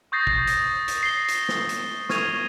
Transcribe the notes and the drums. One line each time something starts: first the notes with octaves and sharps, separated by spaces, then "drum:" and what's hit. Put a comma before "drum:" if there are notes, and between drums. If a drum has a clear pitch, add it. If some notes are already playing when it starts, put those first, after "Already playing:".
C#6 D#6 G6 A6 A#6 C7
drum: kick
drum: hi-hat
drum: hi-hat
C7 G7
drum: hi-hat
drum: snare
drum: hi-hat
C#6 F6 G#6 D#7 F7, drum: snare